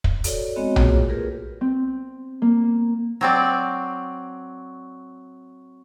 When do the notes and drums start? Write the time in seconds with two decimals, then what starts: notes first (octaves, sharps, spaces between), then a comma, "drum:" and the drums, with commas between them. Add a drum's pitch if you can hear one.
0.04 drum: kick
0.24 F#4 A4 C#5 D5, drum: hi-hat
0.56 G#3 B3 C4 F#4 C#5 D#5
0.76 A3 A#3 F4 F#4 G#4 C#5, drum: tom B1
1.10 F4 G4 G#4 A#4 B4
1.61 C4
2.42 A#3
3.21 F#3 C4 D5